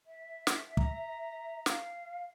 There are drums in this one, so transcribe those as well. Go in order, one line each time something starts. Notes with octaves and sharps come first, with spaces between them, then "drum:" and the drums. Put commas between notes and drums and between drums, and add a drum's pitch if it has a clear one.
E5
drum: snare
A#5, drum: kick
F5, drum: snare